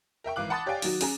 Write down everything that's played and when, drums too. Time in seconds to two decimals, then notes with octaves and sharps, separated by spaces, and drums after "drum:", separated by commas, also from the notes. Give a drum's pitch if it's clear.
0.24 A#4 E5 G5 C#6
0.36 G#1 E3 F5 D6 F#6
0.50 F#5 A5 B5 C6 D#6 A6
0.66 G4 C#5 D5 F5 G5 G#5
0.82 D#3 F#3 F#4, drum: open hi-hat
1.01 C#4 G#4 A#5, drum: open hi-hat